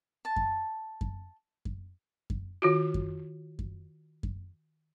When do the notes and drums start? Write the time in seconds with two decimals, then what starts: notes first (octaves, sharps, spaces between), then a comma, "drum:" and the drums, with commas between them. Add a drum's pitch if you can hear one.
0.25 A5
0.36 drum: kick F#2
1.01 drum: kick F#2
1.65 drum: kick F#2
2.30 drum: kick F#2
2.62 D#3 F4 F#4
2.94 drum: kick F#2
3.59 drum: kick F#2
4.23 drum: kick F#2